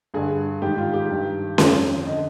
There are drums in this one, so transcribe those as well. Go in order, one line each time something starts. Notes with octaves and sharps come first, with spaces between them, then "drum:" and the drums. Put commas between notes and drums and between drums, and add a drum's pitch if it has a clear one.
G2 D3 G#4
G#2 D#3 G4
F4
G4
G2 D#3
F2 D3, drum: snare C#4
D3 D#5